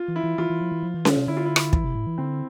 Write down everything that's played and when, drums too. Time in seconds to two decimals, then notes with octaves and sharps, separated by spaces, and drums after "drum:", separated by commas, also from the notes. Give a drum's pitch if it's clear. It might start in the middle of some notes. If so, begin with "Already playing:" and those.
Already playing: F4
0.08 E3
0.16 E4
0.23 E3
0.38 E3 F4
0.50 E3
0.61 F3
0.72 E3
0.83 F3
0.94 E3
1.05 D3, drum: snare C#4
1.16 C3
1.28 D3 E4
1.37 F4
1.46 E4
1.56 drum: rim click
1.73 E3, drum: kick
1.84 C3
1.95 A2
2.06 E3
2.18 D3 C4